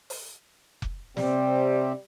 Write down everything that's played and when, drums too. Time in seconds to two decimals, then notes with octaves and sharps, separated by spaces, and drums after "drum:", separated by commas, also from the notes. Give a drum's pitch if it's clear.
0.10 drum: open hi-hat
0.82 drum: kick F1
1.17 C3 G3 C4 G4, drum: snare